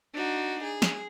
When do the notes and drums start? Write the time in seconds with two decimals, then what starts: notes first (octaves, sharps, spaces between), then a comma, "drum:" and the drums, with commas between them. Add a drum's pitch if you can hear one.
0.14 D4 D#4 F#4
0.62 G#4
0.82 drum: snare